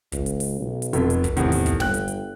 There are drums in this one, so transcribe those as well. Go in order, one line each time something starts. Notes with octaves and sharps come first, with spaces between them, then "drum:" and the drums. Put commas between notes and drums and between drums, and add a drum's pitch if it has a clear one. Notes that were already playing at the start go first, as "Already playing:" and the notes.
C#2, drum: kick, hi-hat
drum: hi-hat
drum: open hi-hat
B1
drum: hi-hat
F1 F2 A4, drum: hi-hat
drum: hi-hat
drum: kick, hi-hat
E2 A2 C3 D#3, drum: hi-hat
drum: open hi-hat
drum: kick, hi-hat
G1 G5 F#6, drum: snare
drum: hi-hat
drum: hi-hat